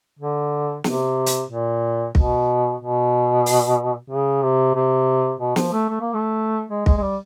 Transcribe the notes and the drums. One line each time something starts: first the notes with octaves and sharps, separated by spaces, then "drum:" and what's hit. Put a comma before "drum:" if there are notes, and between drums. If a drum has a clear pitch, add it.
D3
C3, drum: snare
drum: hi-hat
A#2
B2, drum: kick
B2
drum: open hi-hat
C#3
C3
C3
B2
F3, drum: snare
A3
A3
A#3
A3
G#3
G#3, drum: kick
G#3
G3